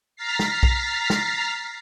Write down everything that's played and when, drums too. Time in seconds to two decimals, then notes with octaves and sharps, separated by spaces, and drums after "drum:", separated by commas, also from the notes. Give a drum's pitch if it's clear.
0.16 A#5 F6 A6 B6 C7
0.39 drum: snare
0.63 drum: kick B1
1.10 drum: snare